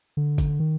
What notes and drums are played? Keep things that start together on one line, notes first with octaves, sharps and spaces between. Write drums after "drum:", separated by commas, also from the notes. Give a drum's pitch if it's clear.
D3
drum: kick G1, hi-hat
D#3